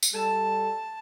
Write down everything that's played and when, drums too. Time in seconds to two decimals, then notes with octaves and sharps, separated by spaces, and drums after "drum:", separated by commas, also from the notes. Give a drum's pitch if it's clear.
0.03 drum: tambourine
0.13 G3 A4 A5